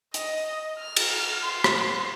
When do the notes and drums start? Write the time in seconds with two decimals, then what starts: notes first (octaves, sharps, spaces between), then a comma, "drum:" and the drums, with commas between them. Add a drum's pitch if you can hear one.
0.14 D#5, drum: hi-hat
0.79 F6
0.96 drum: cymbal
1.43 C6
1.64 drum: rim click